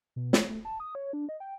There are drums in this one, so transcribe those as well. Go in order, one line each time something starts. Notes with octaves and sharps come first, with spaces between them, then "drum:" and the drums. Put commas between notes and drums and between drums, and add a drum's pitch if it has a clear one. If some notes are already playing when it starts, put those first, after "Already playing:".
B2
C#5, drum: snare
A3
A5
D#6
C#5
D4
D#5
G5